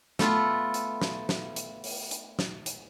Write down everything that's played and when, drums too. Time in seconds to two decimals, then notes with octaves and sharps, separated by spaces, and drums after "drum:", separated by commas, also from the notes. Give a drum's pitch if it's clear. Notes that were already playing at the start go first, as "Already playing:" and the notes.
0.19 A3 B3 F4 A4, drum: snare
0.74 drum: hi-hat
1.02 drum: snare
1.29 drum: snare
1.56 drum: hi-hat
1.84 drum: open hi-hat
2.11 drum: hi-hat
2.39 drum: snare
2.66 drum: hi-hat